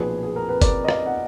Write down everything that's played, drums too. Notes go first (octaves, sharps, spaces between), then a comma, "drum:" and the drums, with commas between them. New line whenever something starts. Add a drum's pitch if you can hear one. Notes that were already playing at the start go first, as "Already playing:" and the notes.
Already playing: B1 A#2 F3 G#4 B4
G#4
A#4
B4
A#4 D5, drum: kick, hi-hat
D#5
D5 F5, drum: rim click
F#5